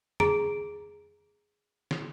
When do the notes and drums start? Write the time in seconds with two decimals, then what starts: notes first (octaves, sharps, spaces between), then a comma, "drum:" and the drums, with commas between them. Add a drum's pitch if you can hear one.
0.20 G#4 A#5 D7, drum: tom F2
1.91 drum: snare